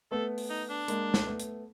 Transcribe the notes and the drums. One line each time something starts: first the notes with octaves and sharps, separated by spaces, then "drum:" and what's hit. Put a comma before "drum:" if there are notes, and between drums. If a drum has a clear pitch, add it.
A3 B3 A4
drum: open hi-hat
D#4
D4
G#3 A#3, drum: hi-hat
drum: snare
A3 B3
drum: hi-hat